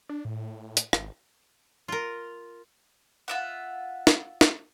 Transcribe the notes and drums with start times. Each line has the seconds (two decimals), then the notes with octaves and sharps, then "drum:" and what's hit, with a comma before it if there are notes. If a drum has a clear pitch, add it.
0.09 D4
0.25 A2
0.77 drum: hi-hat
0.93 G#1, drum: rim click
1.88 F4 A#4
3.28 F4 E5 F#5
4.07 drum: snare
4.41 drum: snare